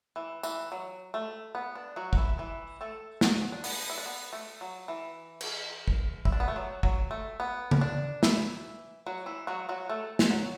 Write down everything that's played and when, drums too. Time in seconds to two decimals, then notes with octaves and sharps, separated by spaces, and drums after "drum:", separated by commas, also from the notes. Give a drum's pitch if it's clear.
0.16 E3
0.43 E3, drum: tambourine
0.72 F#3
1.14 A3
1.55 B3
1.75 D4
1.96 F#3 F#4
2.13 F#4, drum: kick
2.17 E3 E4
2.38 E3 E4
2.81 A3 A4
3.21 F#3 F#4, drum: snare
3.52 D4
3.64 B3, drum: open hi-hat
3.90 E4
3.98 D4
4.06 B3
4.33 A3
4.61 F#3
4.88 E3
5.41 drum: cymbal
5.88 drum: kick
6.25 E4, drum: kick
6.32 D4
6.40 B3
6.48 A3
6.56 F#3
6.83 F#3, drum: kick
7.11 A3
7.40 B3
7.71 drum: tom C#3
7.81 D4
8.23 E3 E4, drum: snare
9.06 F#3 F#4
9.26 E3 E4
9.47 F#3 F#4
9.69 F#3 F#4
9.89 A3 A4
10.19 drum: snare
10.31 F#3 F#4